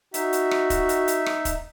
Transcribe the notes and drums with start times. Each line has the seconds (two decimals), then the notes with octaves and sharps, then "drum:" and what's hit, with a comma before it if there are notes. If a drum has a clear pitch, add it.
0.14 D#4 F#4 E5, drum: hi-hat
0.33 drum: hi-hat
0.51 drum: rim click
0.70 drum: kick, hi-hat
0.89 drum: hi-hat
1.08 drum: hi-hat
1.26 drum: rim click
1.45 drum: kick, hi-hat